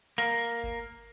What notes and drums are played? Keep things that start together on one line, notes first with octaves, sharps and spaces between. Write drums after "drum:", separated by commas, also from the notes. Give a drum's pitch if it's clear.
A#3
drum: kick G1